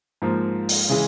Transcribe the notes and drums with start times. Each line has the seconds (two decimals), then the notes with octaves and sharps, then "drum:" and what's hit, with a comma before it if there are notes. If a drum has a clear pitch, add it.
0.22 G#2 F3 A#3
0.69 drum: open hi-hat
0.89 C#3 E3 G#3